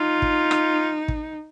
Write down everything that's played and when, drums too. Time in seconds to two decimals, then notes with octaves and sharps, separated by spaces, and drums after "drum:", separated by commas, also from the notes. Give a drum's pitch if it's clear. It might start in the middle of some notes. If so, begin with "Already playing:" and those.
Already playing: D#4 F4
0.22 drum: kick
0.51 drum: rim click
1.08 drum: kick